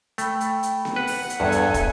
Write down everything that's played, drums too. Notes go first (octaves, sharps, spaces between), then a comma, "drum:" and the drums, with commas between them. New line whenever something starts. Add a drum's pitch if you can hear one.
A3 G5 B5, drum: hi-hat
drum: hi-hat
drum: hi-hat
drum: snare B3
B4 F#5
drum: open hi-hat
drum: hi-hat
E2 G2 A4 B4 G#5
drum: hi-hat
drum: kick, hi-hat